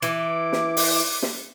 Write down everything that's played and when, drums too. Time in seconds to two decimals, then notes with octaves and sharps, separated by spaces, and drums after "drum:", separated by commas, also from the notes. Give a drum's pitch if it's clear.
0.02 E3 D6, drum: hi-hat
0.53 drum: snare
0.77 drum: open hi-hat
1.23 drum: snare